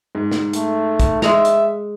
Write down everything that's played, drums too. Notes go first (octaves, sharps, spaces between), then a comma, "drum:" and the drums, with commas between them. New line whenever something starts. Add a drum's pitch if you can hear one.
G#2
drum: snare
A3, drum: hi-hat
drum: kick, hi-hat
G#3 E5 A#5, drum: snare
drum: hi-hat